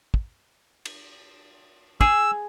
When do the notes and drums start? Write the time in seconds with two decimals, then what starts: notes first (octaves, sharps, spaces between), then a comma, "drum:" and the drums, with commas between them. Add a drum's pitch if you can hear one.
0.14 drum: kick
0.85 drum: cymbal
2.01 G#4 E6, drum: kick